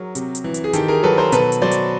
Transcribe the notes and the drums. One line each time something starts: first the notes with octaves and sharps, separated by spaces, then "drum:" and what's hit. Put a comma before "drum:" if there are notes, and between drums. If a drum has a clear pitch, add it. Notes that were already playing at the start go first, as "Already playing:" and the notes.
Already playing: F#3 G#4 A#4
C3, drum: hi-hat
drum: hi-hat
E3
drum: hi-hat
G#4
D#3 G4 A4, drum: hi-hat
G#4 A#4
F#3 A4 B4
A#4 C5
B2 A4 B4, drum: hi-hat
drum: hi-hat
F#3 C5 D5
drum: hi-hat